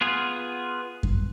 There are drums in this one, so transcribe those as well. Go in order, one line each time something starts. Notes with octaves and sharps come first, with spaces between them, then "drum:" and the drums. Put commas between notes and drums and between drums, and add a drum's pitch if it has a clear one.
B3 F4 G#4
drum: kick F#2